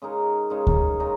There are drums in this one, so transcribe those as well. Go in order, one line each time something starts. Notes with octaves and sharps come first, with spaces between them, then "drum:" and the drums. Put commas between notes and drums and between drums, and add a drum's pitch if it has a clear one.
C#3 G#3 D#4 A#4
C#3 G#3 D#4 A#4
drum: kick D2
C#3 G#3 D#4 A#4